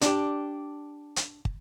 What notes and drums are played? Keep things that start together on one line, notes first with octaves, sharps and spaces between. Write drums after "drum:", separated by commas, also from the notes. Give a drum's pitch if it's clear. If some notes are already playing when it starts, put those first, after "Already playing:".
D4 G4, drum: hi-hat
drum: hi-hat
drum: kick